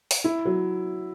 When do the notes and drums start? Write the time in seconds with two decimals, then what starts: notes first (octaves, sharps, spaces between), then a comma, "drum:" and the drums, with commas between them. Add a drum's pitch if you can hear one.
0.11 drum: open hi-hat
0.24 E4
0.45 F#3